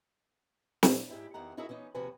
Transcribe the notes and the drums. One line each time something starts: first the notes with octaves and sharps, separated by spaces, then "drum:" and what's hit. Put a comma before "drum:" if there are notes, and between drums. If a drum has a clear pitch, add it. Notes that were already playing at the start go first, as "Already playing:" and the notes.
D#2 A#2 D4 E4, drum: snare
G#2 G#3 E4 G4
E2 D#3 E3 F#5 A#5
D#4 E4 F#4 G#4 A#4 E5
E3 B3 C#4 D#4
D#2 C3 F3 F#4 B4 G#5